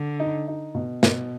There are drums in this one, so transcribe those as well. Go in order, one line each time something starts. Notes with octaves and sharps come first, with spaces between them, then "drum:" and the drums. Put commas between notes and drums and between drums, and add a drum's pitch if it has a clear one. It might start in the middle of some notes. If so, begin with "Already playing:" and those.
Already playing: D3
D#4
D#4
B2
B2, drum: snare